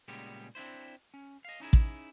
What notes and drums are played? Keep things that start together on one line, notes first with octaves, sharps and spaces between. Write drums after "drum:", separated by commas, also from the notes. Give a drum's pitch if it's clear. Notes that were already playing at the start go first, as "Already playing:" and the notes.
A#2 C#3 G3 G#3 B3 G4
C4 D4 E4 C5
C#4
D#5 F5
C#4 D#4 E4 G#4
drum: kick